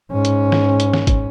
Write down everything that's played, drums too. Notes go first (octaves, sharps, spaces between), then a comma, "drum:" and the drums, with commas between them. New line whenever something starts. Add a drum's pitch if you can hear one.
G#2 C#4
drum: hi-hat
drum: snare
drum: hi-hat
drum: snare
drum: kick G#1, hi-hat